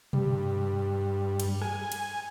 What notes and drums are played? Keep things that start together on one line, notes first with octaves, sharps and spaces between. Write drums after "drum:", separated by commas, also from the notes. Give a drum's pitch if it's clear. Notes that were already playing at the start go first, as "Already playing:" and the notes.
G2, drum: tom B2
drum: cymbal
G#5, drum: rim click
drum: cymbal